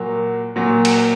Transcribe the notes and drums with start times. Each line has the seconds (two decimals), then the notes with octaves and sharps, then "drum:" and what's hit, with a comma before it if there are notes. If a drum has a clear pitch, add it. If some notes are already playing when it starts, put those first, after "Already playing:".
Already playing: A#2 F#3 A#3
0.56 A#2 F#3 A#3
0.85 drum: cymbal